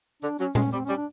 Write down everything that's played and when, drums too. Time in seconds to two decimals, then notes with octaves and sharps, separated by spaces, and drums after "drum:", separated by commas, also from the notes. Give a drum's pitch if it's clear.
0.22 D3 D4
0.39 F#3 C#4
0.55 G#3 C#4, drum: tom A#2
0.72 G3 C4
0.84 C#4
0.88 G3
0.97 D4